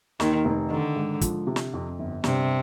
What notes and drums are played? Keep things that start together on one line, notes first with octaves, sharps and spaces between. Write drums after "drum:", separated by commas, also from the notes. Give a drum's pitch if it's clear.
D#2 D#3, drum: snare
F1
D3 D#3
G#2
F3, drum: kick, hi-hat
C3
drum: snare
F2
G1
G2 C3, drum: snare